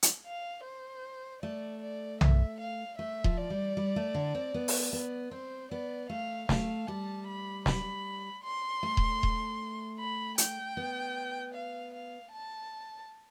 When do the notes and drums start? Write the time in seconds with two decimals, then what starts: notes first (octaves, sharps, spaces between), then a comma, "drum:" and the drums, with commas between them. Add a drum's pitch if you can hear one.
0.03 drum: hi-hat
0.26 F5
0.65 C5
1.42 A3 D5
1.82 D5
2.21 E5, drum: tom B1
2.60 F5
2.98 A3 E5
3.24 F3, drum: kick D#1
3.37 D5
3.50 G3
3.77 G3
3.96 A3
4.15 D3
4.35 C4
4.54 B3
4.68 drum: open hi-hat
4.93 B3
5.31 C4 C5
5.71 B3 D5
6.10 A3 F5
6.49 A3 F5, drum: snare
6.87 G3 A5
7.27 B5
7.66 B5, drum: snare
8.43 C6
8.83 A3
8.97 drum: kick D#1
9.23 drum: kick D#1
9.99 B5
10.38 G5, drum: hi-hat
10.77 B3
11.54 F5
11.94 F5
12.32 A5